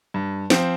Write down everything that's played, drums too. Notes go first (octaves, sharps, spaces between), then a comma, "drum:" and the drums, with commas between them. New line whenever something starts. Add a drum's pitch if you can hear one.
G2
F3 C4, drum: snare